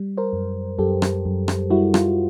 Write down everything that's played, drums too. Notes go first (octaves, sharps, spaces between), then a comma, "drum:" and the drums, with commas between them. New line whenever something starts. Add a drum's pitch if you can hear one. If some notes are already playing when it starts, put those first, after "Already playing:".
Already playing: G3
A#4 C5
F#2
F#2 G4 A4
drum: rim click
F#2
drum: rim click
G3 E4 F#4
F4, drum: rim click